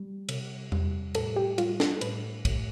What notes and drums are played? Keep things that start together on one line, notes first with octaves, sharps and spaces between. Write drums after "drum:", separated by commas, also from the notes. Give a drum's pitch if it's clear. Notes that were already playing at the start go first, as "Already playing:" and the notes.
Already playing: G3
C3, drum: cymbal
G3, drum: tom E2
A2 A4, drum: cymbal
G4
G3 F4, drum: cymbal
A4, drum: snare
A2 B4, drum: cymbal
A2, drum: kick, cymbal